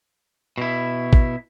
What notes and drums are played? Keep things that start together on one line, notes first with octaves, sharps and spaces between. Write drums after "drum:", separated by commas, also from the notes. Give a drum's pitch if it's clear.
B2 E4
drum: kick